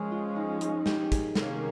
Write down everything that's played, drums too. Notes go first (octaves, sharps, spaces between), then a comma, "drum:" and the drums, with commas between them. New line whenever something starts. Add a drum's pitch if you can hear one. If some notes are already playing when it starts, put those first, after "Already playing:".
Already playing: F3 G#3 C#4 G#4
F4
D#4
D#4, drum: hi-hat
G4, drum: snare
G#4, drum: kick, hi-hat
C3 D#3 A#3 C#4, drum: snare